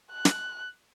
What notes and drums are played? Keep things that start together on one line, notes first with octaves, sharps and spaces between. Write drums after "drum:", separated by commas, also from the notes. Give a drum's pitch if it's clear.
F#6
drum: snare